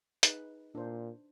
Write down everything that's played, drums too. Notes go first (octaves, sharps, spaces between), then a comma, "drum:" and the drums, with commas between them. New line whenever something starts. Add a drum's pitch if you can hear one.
D#4 G#4 B4, drum: hi-hat
A#2 D4 C5